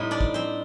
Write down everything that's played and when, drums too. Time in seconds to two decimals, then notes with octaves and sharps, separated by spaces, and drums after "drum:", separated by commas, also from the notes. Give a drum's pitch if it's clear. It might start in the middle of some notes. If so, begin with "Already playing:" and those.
Already playing: A2 G3 C4 D#4
0.11 D4 D5
0.21 drum: kick
0.34 C4 C5